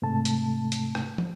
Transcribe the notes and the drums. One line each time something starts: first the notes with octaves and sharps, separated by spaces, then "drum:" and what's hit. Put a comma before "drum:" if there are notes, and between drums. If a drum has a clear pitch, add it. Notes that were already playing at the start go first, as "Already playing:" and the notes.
G#2 C3 A3 A5
drum: hi-hat
drum: hi-hat
drum: rim click
drum: tom